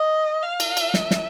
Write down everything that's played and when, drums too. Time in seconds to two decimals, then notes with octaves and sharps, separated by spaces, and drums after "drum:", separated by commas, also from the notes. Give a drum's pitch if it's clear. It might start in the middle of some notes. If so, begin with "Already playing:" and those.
Already playing: D#5
0.43 F5
0.60 drum: cymbal
0.77 drum: cymbal
0.94 E5, drum: snare
1.11 drum: snare